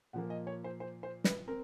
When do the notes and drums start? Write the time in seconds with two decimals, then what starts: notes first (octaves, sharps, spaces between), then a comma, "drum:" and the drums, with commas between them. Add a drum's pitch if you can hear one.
0.13 A#2 F3 A#3 F#5
0.30 D#5
0.47 C#5
0.64 C5
0.80 C5
1.03 C5
1.24 B4, drum: snare
1.48 C4 A#4